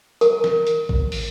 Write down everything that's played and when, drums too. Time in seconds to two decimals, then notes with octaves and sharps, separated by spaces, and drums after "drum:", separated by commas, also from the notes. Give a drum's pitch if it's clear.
0.21 A#4, drum: hi-hat
0.44 drum: snare
0.67 drum: hi-hat
0.89 drum: kick A1
1.12 drum: open hi-hat